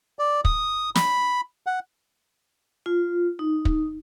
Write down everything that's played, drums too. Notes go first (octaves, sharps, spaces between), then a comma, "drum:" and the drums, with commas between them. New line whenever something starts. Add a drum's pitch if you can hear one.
D5
D#6, drum: kick
B5, drum: snare
F#5
F4
D#4
drum: kick